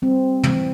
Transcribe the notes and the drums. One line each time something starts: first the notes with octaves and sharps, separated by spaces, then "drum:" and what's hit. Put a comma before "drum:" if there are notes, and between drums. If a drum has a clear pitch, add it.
G3 C4
E3, drum: tom